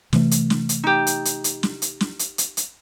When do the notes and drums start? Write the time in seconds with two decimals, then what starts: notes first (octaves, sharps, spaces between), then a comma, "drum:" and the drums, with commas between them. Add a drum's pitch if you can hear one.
0.13 C3 E3 A3, drum: snare
0.31 drum: hi-hat
0.50 drum: snare
0.69 drum: hi-hat
0.84 D#4 G4
1.07 drum: hi-hat
1.25 drum: hi-hat
1.44 drum: hi-hat
1.63 drum: snare
1.82 drum: hi-hat
2.01 drum: snare
2.19 drum: hi-hat
2.38 drum: hi-hat
2.57 drum: hi-hat